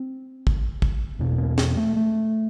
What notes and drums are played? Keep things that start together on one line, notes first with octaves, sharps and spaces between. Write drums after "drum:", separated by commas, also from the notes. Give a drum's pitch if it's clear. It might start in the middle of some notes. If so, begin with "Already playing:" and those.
Already playing: C4
drum: kick
drum: kick
E2 B2 D4
B3
C4
B3, drum: snare
A3
A3